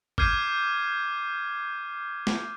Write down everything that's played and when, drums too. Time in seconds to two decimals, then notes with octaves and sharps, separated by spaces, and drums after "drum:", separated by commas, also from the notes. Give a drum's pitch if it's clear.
0.18 D6 F6 G6 G#6 C7 D#7, drum: kick G#1
2.27 drum: snare